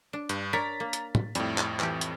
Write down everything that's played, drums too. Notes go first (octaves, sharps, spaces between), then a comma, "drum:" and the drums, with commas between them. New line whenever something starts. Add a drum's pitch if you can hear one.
D4
G2, drum: hi-hat
D4 A#4 C#5 A#5 A6 B6
A#3
drum: hi-hat
drum: tom
F2 A2 G3, drum: hi-hat
drum: clap
E3 G4, drum: clap
drum: hi-hat